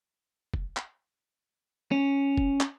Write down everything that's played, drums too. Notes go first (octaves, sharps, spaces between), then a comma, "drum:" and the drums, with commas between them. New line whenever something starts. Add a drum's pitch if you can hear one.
drum: kick
drum: clap
C#4
drum: kick
drum: clap